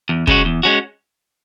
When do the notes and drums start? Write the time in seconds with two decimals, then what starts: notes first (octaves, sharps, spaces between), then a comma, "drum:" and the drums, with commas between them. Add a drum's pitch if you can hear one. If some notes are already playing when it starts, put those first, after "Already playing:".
0.09 E2
0.27 C#3 G#3 C#4 F#4, drum: kick
0.45 E2
0.63 G#3 C#4 F#4